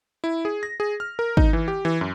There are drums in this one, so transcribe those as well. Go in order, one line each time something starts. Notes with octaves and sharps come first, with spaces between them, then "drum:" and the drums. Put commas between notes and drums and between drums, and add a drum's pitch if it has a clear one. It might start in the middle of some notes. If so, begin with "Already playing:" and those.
E4
G#4
A#6
G#4
F6
A#4
D#4, drum: kick
E3
G4
E3
F#2